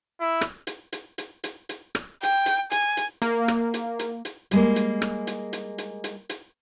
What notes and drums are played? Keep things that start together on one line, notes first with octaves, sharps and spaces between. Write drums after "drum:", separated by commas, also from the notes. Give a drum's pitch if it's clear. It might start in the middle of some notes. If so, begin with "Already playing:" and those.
E4
drum: rim click
drum: hi-hat
drum: hi-hat
drum: hi-hat
drum: hi-hat
drum: hi-hat
drum: rim click
G5, drum: hi-hat
drum: hi-hat
G#5, drum: hi-hat
drum: hi-hat
A#3, drum: hi-hat
drum: rim click
drum: hi-hat
drum: hi-hat
drum: hi-hat
G3 G#3 A#3, drum: hi-hat
drum: hi-hat
drum: rim click
drum: hi-hat
drum: hi-hat
drum: hi-hat
drum: hi-hat
drum: hi-hat